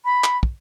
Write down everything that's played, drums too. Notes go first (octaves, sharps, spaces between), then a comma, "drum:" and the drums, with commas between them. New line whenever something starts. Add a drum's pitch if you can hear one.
B5
drum: clap
drum: kick